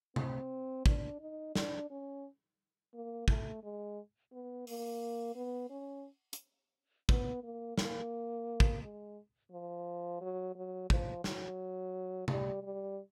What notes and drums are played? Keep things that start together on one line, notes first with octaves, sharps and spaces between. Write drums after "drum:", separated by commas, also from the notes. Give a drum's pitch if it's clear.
C4, drum: tom C3
D4, drum: kick
D#4
D4, drum: snare
C#4
A#3
A3, drum: kick
G#3
B3
A#3, drum: open hi-hat
B3
C#4
drum: hi-hat
B3, drum: kick
A#3
A#3, drum: snare
drum: kick
G#3
F3
F#3
F#3
F3, drum: kick
F#3, drum: snare
G3, drum: tom C3
G3